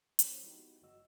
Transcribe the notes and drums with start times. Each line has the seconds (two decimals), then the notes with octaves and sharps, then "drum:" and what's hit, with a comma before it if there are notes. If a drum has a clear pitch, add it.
0.19 F3 C4 E4 C5 C#5, drum: hi-hat
0.44 G#3 B3 D#4 E4 F#4 G4
0.82 G1 F#3 G#3 F#4 D#5 E6